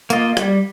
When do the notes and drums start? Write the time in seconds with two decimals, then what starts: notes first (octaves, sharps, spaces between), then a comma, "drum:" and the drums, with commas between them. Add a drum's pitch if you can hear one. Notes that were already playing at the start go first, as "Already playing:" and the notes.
0.10 A#3 F4 D#5, drum: hi-hat
0.37 G3, drum: rim click